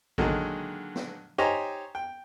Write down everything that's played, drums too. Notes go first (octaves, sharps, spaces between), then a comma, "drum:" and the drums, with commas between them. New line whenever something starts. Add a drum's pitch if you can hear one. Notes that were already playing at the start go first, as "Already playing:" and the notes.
D3 D#3 F#3 G#3 A#3, drum: kick A1
drum: snare
D#4 G4 C5 C#5 G#5 A#5
G5